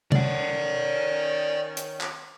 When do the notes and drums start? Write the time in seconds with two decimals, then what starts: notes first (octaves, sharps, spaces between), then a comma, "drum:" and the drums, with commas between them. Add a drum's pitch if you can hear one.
0.12 D#3 C#4 D5 F#5, drum: tom C3
1.77 drum: hi-hat
2.01 drum: clap